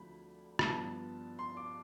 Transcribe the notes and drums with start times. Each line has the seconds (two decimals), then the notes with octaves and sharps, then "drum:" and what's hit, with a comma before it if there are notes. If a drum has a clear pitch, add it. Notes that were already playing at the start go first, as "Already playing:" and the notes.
Already playing: D2 D3 F3 A3 C4 B5
0.59 B5, drum: rim click
0.66 G2 F3 B3 A5
1.39 C6
1.57 D6